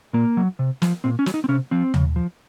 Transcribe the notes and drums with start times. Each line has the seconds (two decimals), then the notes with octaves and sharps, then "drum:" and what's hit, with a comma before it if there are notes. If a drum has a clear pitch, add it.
0.13 A#2 A#3
0.37 F#3
0.59 C3
0.82 F3, drum: snare
1.04 A#2 C4
1.19 C#4
1.26 F#3, drum: snare
1.34 D#4
1.44 C4
1.48 C3 C#4
1.71 F3 C4
1.94 C#3, drum: tom D#2
2.16 F3